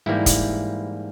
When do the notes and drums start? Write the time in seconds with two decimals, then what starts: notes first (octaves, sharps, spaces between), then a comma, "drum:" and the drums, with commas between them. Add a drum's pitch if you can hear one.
0.06 G#2 E3 G3 A#3 E4
0.26 drum: kick, hi-hat